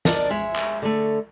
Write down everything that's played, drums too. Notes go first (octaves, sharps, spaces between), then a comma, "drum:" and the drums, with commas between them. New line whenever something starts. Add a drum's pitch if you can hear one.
D4 A#4 D5 D#5, drum: snare
G#3 C#5 E5
drum: clap
D3 A3